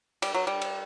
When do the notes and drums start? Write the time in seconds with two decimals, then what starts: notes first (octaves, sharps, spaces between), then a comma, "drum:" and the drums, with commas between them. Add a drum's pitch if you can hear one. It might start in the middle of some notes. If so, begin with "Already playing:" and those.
0.22 G3, drum: cymbal
0.35 F#3
0.47 G3
0.62 drum: cymbal